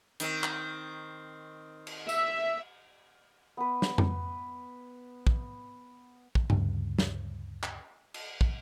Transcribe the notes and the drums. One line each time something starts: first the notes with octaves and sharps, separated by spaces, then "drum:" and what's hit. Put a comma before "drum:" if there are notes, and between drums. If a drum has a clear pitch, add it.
D#3 C4, drum: hi-hat
drum: clap
drum: cymbal
E5, drum: tambourine
B3 B4
drum: snare
drum: tom F2
drum: kick
drum: kick
D2 G2 C#3, drum: tom G2
drum: snare
drum: clap
drum: cymbal
drum: kick